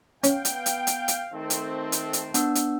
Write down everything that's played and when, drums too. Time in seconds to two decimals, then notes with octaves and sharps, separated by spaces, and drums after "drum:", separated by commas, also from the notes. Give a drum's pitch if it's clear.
0.24 B3 C#4 F5 G5, drum: hi-hat
0.45 drum: hi-hat
0.66 drum: hi-hat
0.87 drum: hi-hat
1.08 drum: hi-hat
1.34 D#3 A3 C4
1.50 drum: hi-hat
1.92 drum: hi-hat
2.13 drum: hi-hat
2.34 B3 D4 E6, drum: hi-hat
2.55 drum: hi-hat